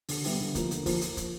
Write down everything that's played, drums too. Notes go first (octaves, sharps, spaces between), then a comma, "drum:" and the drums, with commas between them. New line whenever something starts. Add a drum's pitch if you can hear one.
D3, drum: open hi-hat
G3 B3 E4 G4, drum: open hi-hat
D3
F3 A#3, drum: kick, hi-hat
D3, drum: hi-hat
F3 A#3, drum: kick, open hi-hat
drum: hi-hat
drum: kick, hi-hat